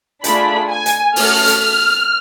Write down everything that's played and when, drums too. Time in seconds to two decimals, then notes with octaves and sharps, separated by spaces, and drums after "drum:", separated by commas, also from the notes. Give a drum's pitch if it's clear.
0.24 A3 D4 F4 G#4 B5, drum: hi-hat
0.70 G#5
0.86 drum: hi-hat
1.16 A3 C#4 F#4 A4 F6, drum: open hi-hat
1.47 drum: hi-hat